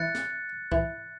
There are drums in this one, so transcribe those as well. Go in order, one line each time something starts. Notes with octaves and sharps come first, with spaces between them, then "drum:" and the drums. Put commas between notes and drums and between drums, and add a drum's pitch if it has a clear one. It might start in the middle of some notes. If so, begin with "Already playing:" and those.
Already playing: E3 F#6 A6 C#7
drum: snare
E3, drum: kick